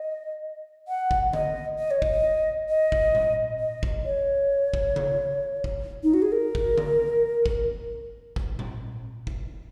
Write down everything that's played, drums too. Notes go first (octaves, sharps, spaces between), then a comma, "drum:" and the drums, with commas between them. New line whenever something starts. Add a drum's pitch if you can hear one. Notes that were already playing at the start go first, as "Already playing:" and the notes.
Already playing: D#5
F#5
drum: kick
D#5, drum: tom D3
D#5
C#5
D#5, drum: kick
D#5
drum: kick
drum: tom A#2
D#5
drum: kick
C#5
drum: kick
drum: tom C#3
drum: kick
D#4
F#4
G#4
A#4
drum: kick
drum: tom D3
drum: kick
drum: kick
drum: tom A#2
drum: kick